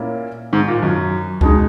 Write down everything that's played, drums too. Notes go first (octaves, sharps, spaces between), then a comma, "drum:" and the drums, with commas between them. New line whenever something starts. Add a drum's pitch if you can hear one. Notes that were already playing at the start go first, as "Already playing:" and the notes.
Already playing: A#2 A#3 C#4 E4
G#2
A#2
F#2
B2 G#3 D#4, drum: kick C#2